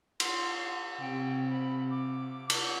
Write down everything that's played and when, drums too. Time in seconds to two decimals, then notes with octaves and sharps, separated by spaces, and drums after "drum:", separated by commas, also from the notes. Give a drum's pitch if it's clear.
0.20 C6, drum: cymbal
1.00 C3 G5
1.50 B5
1.91 D6
2.50 drum: cymbal